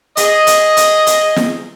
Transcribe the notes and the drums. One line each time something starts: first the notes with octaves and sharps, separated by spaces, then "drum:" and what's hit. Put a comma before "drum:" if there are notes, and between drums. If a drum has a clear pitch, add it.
G#4 D#5, drum: hi-hat
drum: hi-hat
drum: hi-hat
drum: hi-hat
drum: snare